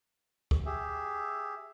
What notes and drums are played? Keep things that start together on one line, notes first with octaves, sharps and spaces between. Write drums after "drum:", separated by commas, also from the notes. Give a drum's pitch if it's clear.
drum: kick
G4 G#4 E5